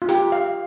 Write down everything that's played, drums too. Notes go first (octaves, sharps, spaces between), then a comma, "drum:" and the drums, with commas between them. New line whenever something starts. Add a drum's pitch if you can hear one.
F4
G4, drum: hi-hat
F5